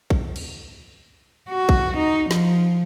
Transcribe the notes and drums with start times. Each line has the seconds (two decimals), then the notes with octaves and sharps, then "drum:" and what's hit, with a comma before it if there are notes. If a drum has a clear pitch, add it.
0.10 drum: kick
0.36 drum: cymbal
1.49 F#4
1.69 drum: kick
1.98 D#4
2.31 F3, drum: snare